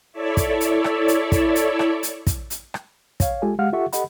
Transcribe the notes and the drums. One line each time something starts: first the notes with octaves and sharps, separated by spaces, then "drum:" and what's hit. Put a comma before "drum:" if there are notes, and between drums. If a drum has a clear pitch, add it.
E4 A4 C#5 D5 E5
drum: kick, hi-hat
drum: hi-hat
drum: rim click
drum: hi-hat
drum: kick, hi-hat
drum: hi-hat
drum: rim click
drum: hi-hat
drum: kick, hi-hat
drum: hi-hat
drum: rim click
C#5 F5, drum: kick, hi-hat
G#3 F4 G4 A4 G#5
G#3 G4 F5 F#5 F6
F4 G4 A4 E5 F#5 C#6
G4 A4 D#5 F#5 B5, drum: hi-hat